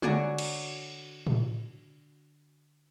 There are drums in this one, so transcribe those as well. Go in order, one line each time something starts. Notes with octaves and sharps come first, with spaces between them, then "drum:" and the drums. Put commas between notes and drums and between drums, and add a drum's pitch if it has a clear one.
D3 F#4 C#5 D5 G#5 A#5, drum: tom
drum: cymbal
drum: tom A2